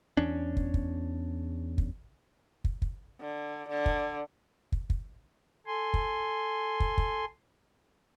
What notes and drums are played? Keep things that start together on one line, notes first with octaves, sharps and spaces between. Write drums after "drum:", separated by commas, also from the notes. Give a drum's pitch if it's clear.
E2 C#4 D4
drum: kick
drum: kick
drum: kick
drum: kick
drum: kick
D3
D3
drum: kick
drum: kick
drum: kick
A4 G#5 C6
drum: kick
drum: kick
drum: kick